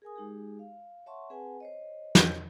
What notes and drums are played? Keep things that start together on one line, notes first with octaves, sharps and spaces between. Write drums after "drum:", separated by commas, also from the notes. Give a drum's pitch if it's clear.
G#4 A#4 G#5 D#6
G#3 D#4 G4 G#4
F5
C#5 E5 F#5 A5 C6 C#6
C4 G#4 B4 F#5 G#5 A5
C5 C#5 D#5
drum: snare